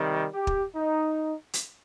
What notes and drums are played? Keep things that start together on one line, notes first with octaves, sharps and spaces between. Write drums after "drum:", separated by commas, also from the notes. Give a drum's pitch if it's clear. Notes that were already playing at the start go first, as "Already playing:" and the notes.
Already playing: C3 D#3 G3
G4
drum: kick
D#4
drum: hi-hat